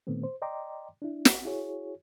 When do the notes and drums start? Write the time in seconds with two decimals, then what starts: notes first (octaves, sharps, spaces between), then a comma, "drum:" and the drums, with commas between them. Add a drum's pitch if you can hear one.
0.07 A#2 D#3 A3 B3 C4
0.23 C5
0.42 D5 D#5 G5 A#5 C6 D6
1.02 D4 E4
1.25 drum: snare
1.45 E4 F#4 G#4 C#5